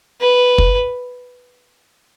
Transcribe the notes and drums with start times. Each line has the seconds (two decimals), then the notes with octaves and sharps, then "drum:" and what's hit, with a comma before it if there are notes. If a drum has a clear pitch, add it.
0.21 B4
0.58 drum: kick